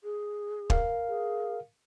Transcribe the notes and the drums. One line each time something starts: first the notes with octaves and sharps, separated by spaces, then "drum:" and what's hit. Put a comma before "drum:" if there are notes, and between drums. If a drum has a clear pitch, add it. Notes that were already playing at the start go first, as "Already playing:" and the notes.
G#4
A#4 F5, drum: kick
G#4